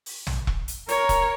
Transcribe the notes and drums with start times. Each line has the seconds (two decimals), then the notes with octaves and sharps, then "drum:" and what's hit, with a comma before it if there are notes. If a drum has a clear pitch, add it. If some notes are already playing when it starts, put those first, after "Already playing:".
0.06 drum: open hi-hat
0.27 drum: tom
0.47 drum: kick E1
0.68 drum: hi-hat
0.88 A#4 C#5, drum: hi-hat
1.09 drum: kick E1, hi-hat